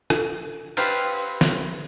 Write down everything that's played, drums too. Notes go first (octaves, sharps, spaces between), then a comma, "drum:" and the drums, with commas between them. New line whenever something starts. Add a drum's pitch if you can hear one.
drum: rim click
G4 B4 C5 F5, drum: cymbal
drum: snare